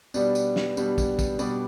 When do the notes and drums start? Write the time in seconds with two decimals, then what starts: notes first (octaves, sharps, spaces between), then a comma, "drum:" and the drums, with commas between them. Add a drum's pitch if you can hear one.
0.14 B2 G3 B3 D4 D5, drum: tambourine
0.35 drum: tambourine
0.56 drum: snare
0.77 B2 G3 B3 D4, drum: tambourine
0.98 drum: kick, tambourine
1.19 drum: kick, tambourine
1.39 B2 G3 B3 D4 D5, drum: tambourine